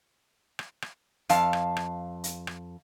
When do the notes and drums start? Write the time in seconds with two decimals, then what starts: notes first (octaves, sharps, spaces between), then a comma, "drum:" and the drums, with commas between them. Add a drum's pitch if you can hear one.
0.59 drum: rim click
0.82 drum: rim click
1.29 F2 F5 A5, drum: hi-hat
1.53 drum: rim click
1.77 drum: rim click
2.24 drum: hi-hat
2.47 drum: rim click